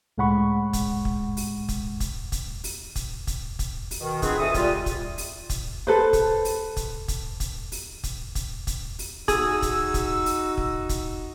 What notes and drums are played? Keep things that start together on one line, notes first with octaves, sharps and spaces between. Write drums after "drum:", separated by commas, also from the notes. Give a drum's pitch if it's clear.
C#2 A2 G#3 F#5 B5 C#6
drum: kick, hi-hat
drum: kick
drum: open hi-hat
drum: kick, hi-hat
drum: kick, hi-hat
drum: kick, hi-hat
drum: open hi-hat
drum: kick, hi-hat
drum: kick, hi-hat
drum: kick, hi-hat
drum: open hi-hat
B2 D#3
G#3 B3 C4 D4 F4 G#4, drum: kick, hi-hat
D2 E3 A4 D#6
G3 F4, drum: kick, hi-hat
drum: kick, hi-hat
drum: open hi-hat
drum: kick, hi-hat
A4 B4 C5
drum: kick, hi-hat
drum: open hi-hat
drum: kick, hi-hat
drum: kick, hi-hat
drum: kick, hi-hat
drum: open hi-hat
drum: kick, hi-hat
drum: kick, hi-hat
drum: kick, hi-hat
drum: open hi-hat
D#4 F#4 G#4 E6, drum: kick, hi-hat
drum: kick, hi-hat
drum: kick, hi-hat
drum: open hi-hat
drum: kick
drum: kick, hi-hat